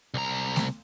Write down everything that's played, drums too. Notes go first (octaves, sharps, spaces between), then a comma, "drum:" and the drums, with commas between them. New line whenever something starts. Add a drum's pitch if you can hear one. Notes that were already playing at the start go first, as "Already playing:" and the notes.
C2 A#5
drum: snare A3